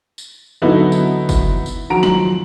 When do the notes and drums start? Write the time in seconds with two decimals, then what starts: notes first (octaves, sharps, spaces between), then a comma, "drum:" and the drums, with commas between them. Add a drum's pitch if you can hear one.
0.18 drum: tambourine
0.62 D2 F#3 B3 D#4 E4 A4
0.92 drum: tambourine
1.29 drum: kick, tambourine
1.66 drum: tambourine
1.90 D#3 F3 F#3 F#4 A#5 D7
2.03 F#7, drum: snare